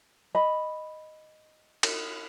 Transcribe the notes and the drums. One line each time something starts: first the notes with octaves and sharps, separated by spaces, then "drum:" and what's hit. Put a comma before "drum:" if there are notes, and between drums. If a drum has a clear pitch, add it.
D#5 B5
drum: cymbal